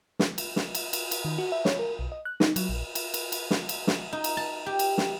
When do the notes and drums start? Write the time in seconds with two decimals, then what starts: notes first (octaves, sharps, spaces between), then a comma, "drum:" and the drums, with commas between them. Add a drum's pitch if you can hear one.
0.19 drum: snare
0.38 drum: cymbal
0.56 drum: snare
0.75 drum: cymbal
0.93 drum: cymbal
1.11 drum: cymbal
1.25 D#3
1.38 F#4
1.52 E5
1.65 C#5, drum: snare
1.79 A#4
1.99 B1
2.12 D#5
2.25 F#6
2.40 D#4, drum: snare
2.56 F#3, drum: cymbal
2.69 A#1
2.95 drum: cymbal
3.14 drum: cymbal
3.32 drum: cymbal
3.51 drum: snare
3.69 drum: cymbal
3.87 drum: snare
4.13 D#4
4.24 drum: cymbal
4.37 A5
4.66 G4
4.79 drum: cymbal
4.98 drum: snare